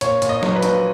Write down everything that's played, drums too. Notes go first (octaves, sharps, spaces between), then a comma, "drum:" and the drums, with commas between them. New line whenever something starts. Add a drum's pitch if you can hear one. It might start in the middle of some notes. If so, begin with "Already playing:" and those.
A#2 C#5, drum: hi-hat
A#2, drum: hi-hat
D#5
F#3, drum: snare
B4
A#1, drum: hi-hat